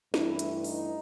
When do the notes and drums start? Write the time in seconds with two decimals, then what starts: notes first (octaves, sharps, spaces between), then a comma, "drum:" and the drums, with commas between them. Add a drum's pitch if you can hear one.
0.14 G2 E3 A3 E4, drum: snare
0.39 drum: hi-hat
0.64 D#4, drum: open hi-hat